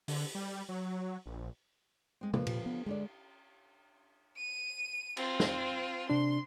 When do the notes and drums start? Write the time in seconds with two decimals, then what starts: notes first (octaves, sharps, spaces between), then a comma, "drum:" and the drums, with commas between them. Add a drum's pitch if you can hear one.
0.08 D3, drum: open hi-hat
0.35 G3
0.69 F#3
1.26 A#1
2.21 G#3 C4
2.34 D3 F3 A#3 B4, drum: tom
2.47 A#2, drum: cymbal
2.66 B3
2.86 D2 D3 G#3 D5
4.37 D#7
5.17 C4 F4, drum: cymbal
5.40 drum: snare
6.10 C3 D4 C6